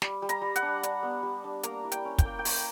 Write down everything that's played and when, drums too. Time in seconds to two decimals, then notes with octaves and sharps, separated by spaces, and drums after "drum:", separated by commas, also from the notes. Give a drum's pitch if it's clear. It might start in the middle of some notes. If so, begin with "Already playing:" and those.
0.02 G3, drum: snare
0.22 G3
0.29 A#5, drum: hi-hat
0.42 G3
0.56 F#5, drum: hi-hat
0.62 D4
0.83 D4, drum: hi-hat
1.03 B3
1.23 G3
1.44 D4
1.63 A#3 A#5, drum: hi-hat
1.84 E4
1.92 G5, drum: hi-hat
2.05 C#4
2.18 G5, drum: kick, hi-hat
2.25 A#3
2.39 G5
2.45 A#3 A#5, drum: open hi-hat